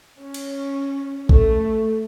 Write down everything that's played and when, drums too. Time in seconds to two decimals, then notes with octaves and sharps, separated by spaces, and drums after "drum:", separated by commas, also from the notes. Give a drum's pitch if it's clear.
0.19 C#4
0.34 drum: cymbal
1.29 A3, drum: kick A#1